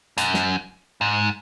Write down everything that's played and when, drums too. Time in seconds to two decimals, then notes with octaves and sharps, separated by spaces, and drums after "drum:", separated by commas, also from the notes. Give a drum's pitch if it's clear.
0.18 F#2, drum: hi-hat
0.34 drum: snare
1.01 G#2